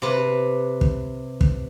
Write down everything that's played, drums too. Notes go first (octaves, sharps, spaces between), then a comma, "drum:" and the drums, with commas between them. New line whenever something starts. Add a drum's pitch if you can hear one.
C3 B4
drum: kick
drum: kick